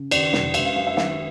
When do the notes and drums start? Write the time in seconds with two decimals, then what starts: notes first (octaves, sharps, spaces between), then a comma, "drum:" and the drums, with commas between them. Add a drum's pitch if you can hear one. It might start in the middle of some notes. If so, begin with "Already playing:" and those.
Already playing: C#3
0.11 D#2 D5, drum: cymbal
0.33 F1, drum: snare
0.54 G#3 E5, drum: cymbal
0.65 F5
0.76 F#2 F5
0.87 E5
0.97 D#3 E5, drum: snare